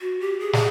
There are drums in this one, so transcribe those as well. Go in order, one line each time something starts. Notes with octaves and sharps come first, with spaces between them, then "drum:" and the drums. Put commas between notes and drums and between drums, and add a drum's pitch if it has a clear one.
F#4
G4
G#4
drum: snare